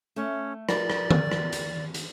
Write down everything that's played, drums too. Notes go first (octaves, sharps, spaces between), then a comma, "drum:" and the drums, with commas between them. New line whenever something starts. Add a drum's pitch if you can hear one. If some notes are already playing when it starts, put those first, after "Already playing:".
A3 C#4
A#4 D5, drum: rim click
drum: rim click
drum: tom D#3
drum: rim click
drum: hi-hat
drum: hi-hat